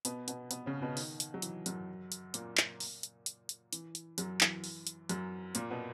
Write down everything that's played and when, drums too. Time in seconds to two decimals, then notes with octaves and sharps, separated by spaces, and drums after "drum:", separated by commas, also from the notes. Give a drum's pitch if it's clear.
0.05 B2 B3, drum: hi-hat
0.28 B2 B3, drum: hi-hat
0.51 B2 B3, drum: hi-hat
0.66 C#3 C#4
0.82 B2 B3
0.97 D#3, drum: open hi-hat
1.20 drum: hi-hat
1.34 F#3
1.42 E3, drum: hi-hat
1.66 F#2 F#3, drum: hi-hat
2.12 drum: hi-hat
2.34 A#2 A#3, drum: hi-hat
2.57 drum: clap
2.80 drum: open hi-hat
3.03 drum: hi-hat
3.26 drum: hi-hat
3.49 drum: hi-hat
3.73 E3, drum: hi-hat
3.95 drum: hi-hat
4.18 F#2 F#3, drum: hi-hat
4.41 E3, drum: clap
4.64 drum: open hi-hat
4.87 drum: hi-hat
5.09 F#2 F#3, drum: hi-hat
5.55 A#2 A#3, drum: hi-hat
5.70 B2 B3